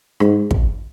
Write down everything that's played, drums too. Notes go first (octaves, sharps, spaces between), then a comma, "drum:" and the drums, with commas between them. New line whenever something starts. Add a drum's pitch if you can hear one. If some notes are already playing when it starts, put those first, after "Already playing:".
G#2, drum: rim click
drum: kick